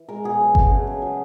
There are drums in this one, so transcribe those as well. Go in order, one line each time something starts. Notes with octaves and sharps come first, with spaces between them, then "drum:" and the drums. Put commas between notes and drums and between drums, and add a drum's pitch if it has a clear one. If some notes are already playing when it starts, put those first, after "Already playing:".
Already playing: E3
G#3 A#4
B2 G#4
F#3
A3, drum: kick G1
C#3
C#3
F#3